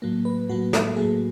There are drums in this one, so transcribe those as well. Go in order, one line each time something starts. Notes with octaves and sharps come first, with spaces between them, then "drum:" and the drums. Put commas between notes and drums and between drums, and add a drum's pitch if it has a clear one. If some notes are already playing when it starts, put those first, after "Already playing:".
A2 F#3 A#3
B4
A2 F#3 A#3 F#4
A4, drum: snare
A2 F#3 A#3 G#4